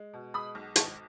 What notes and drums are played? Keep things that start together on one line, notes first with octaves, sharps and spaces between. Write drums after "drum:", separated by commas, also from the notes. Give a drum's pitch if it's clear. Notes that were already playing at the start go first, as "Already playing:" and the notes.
Already playing: G#3
B2
G#3 B5 D#6
B1
G#1 A5 C#6, drum: hi-hat